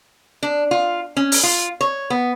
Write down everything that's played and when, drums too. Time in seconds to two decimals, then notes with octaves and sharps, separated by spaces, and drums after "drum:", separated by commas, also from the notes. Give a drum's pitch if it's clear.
0.43 D4
0.71 F4
1.17 C#4
1.32 drum: open hi-hat
1.43 F4
1.81 C#5
2.10 B3